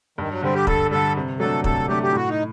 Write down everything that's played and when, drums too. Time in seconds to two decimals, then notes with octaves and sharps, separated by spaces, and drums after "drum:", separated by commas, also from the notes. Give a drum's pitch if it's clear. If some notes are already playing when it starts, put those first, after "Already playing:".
0.18 G2 D#3
0.30 F#3
0.42 D3 G3 C4
0.55 G4
0.67 G2 A4, drum: kick
0.91 D3 G3 A4
1.17 C3
1.40 F#3 A3 D4 A4
1.64 C3 A4, drum: kick
1.88 F#3 A3 D4 G4
2.03 G4
2.13 A2 F#4
2.29 D#4